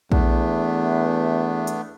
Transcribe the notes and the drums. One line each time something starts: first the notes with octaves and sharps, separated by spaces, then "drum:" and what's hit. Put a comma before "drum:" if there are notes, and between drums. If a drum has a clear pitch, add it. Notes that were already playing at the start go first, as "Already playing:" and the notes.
E2 A3 B3 D4, drum: kick A#1
drum: hi-hat